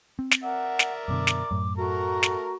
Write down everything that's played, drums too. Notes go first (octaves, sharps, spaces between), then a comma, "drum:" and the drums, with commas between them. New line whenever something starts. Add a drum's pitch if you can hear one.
C4
drum: snare
A#4 D5 E5 F#5
drum: snare
F#2 B2 D3 D6
drum: snare
F#2 A2
A3 F#4 A#4 A#5
drum: snare